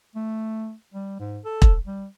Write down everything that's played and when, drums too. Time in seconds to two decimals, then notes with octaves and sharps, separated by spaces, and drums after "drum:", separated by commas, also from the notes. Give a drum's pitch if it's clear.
0.16 A3
0.94 G3
1.19 G#2
1.45 A4
1.62 drum: kick E1
1.87 G3